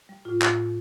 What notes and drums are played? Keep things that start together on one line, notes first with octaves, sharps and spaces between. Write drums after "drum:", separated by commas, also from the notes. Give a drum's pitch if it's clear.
G3
A2 F4
A2, drum: clap